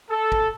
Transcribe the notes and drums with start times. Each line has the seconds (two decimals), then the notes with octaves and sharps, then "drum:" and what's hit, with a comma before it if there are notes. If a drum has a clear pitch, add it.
0.11 A4
0.32 drum: kick